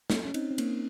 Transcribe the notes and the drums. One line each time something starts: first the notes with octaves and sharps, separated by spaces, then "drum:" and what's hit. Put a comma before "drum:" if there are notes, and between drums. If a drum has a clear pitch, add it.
A#3 C#4, drum: snare
C#4
C4 D#4, drum: cymbal
C4
A#3 C#4, drum: cymbal